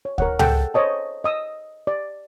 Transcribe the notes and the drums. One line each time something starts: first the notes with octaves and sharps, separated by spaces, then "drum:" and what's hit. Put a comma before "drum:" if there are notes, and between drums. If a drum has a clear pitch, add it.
C#5
A#4 C#5 F#5, drum: kick D2
G#4 A4 F#5 G5 A5 E6, drum: tom C#2
C5 C#5 D#5 A5
D#5 D#6 E6
D5